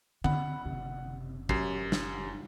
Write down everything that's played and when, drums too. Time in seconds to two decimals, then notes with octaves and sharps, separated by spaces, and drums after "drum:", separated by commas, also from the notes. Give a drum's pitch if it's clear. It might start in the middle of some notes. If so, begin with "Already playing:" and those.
0.24 D3 F#5 B5, drum: tom D3
0.65 F#1 C3
1.49 F#2 G4 C7, drum: kick
1.92 drum: snare